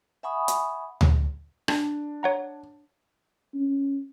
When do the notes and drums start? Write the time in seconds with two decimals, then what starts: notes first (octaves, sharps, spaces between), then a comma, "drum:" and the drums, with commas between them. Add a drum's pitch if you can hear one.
0.23 E5 F#5 G#5 B5 C#6 D#6
0.48 drum: hi-hat
1.01 drum: tom D2
1.68 D4, drum: rim click
2.23 C#5 F#5 A#5
3.55 C#4